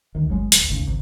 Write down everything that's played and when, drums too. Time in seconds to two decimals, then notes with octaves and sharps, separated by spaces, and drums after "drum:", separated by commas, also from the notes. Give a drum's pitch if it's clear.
0.15 D2 D#3
0.29 G1 F#3 G#3
0.52 D1, drum: hi-hat
0.69 F#1 D2 G#2 C#3
0.86 G#1 C#2